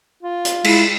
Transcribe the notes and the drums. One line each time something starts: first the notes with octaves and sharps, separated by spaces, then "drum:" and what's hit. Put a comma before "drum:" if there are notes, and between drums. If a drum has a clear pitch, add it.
F4
drum: hi-hat
G#3 E4, drum: cymbal